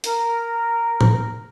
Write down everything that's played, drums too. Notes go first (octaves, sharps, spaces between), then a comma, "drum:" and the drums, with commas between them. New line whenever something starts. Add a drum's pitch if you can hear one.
A#4, drum: hi-hat
drum: tom A2